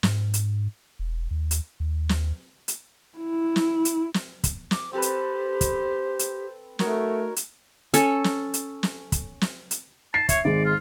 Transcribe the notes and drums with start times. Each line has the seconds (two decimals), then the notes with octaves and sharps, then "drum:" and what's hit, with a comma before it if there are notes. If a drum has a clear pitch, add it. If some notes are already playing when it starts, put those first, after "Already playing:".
0.03 G#2, drum: snare
0.34 drum: hi-hat
0.99 E1
1.31 D#2
1.51 drum: hi-hat
1.80 D#2
2.09 drum: snare
2.68 drum: hi-hat
3.18 E4
3.56 drum: snare
3.85 drum: hi-hat
4.14 drum: snare
4.44 drum: kick, hi-hat
4.71 D6, drum: snare
4.93 C4 G4 A4 B4 C5
5.02 drum: hi-hat
5.61 drum: kick, hi-hat
6.19 drum: hi-hat
6.79 A3 D#4 F#4 A#4 C#5, drum: snare
7.36 drum: hi-hat
7.94 C#4 A4, drum: hi-hat
8.24 drum: snare
8.54 drum: hi-hat
8.83 drum: snare
9.12 drum: kick, hi-hat
9.41 drum: snare
9.71 drum: hi-hat
10.14 A5 C7
10.29 C#5 E5, drum: kick, hi-hat
10.45 G#1 G#3 D5
10.65 F4